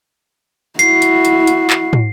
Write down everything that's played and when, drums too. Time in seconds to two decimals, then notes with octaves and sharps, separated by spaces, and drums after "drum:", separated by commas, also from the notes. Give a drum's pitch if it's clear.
0.79 E4 F#4 C7, drum: hi-hat
1.02 drum: hi-hat
1.25 drum: hi-hat
1.47 drum: hi-hat
1.70 drum: clap
1.93 drum: tom